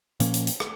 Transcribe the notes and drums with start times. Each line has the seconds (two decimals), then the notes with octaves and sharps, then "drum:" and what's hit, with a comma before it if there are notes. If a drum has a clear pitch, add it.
0.20 A#2 F3 A#3 C#4, drum: hi-hat
0.34 drum: hi-hat
0.47 drum: hi-hat
0.60 drum: rim click